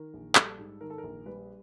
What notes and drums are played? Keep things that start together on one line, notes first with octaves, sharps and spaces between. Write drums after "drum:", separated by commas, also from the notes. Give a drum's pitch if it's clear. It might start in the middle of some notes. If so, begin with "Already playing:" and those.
Already playing: D#3 A#4
A#1
G3 A4, drum: clap
G#2
D#3 A#4
A4
A#4
A#1
G3 B4